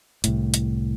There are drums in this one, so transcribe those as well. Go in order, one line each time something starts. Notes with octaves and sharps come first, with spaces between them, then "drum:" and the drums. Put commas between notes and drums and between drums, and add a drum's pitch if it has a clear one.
C2 A2, drum: hi-hat
drum: hi-hat